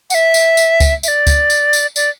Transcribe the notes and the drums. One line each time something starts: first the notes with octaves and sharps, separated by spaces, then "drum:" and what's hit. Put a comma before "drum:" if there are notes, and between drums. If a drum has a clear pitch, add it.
F#5, drum: tambourine
E5
drum: tambourine
drum: tambourine
drum: kick C#2, tambourine
E5, drum: tambourine
D5
drum: kick C#2, tambourine
drum: tambourine
drum: tambourine
D5, drum: tambourine